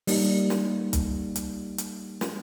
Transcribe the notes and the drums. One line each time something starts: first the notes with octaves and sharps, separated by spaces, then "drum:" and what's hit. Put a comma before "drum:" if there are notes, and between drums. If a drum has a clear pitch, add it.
G3 A#3 D#4, drum: open hi-hat
drum: snare
drum: kick, hi-hat
drum: hi-hat
drum: hi-hat
drum: snare